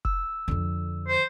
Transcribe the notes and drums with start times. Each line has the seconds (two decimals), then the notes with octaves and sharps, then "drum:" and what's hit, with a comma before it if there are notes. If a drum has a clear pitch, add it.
0.05 E6, drum: kick
0.48 F2 D3
1.08 C5